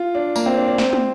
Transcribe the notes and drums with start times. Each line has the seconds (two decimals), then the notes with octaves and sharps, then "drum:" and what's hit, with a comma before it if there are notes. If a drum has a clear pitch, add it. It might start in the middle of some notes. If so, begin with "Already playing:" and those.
Already playing: F4
0.15 D4
0.36 A#3, drum: tambourine
0.46 C4
0.57 D4
0.68 D4
0.78 C4, drum: snare
0.93 drum: tom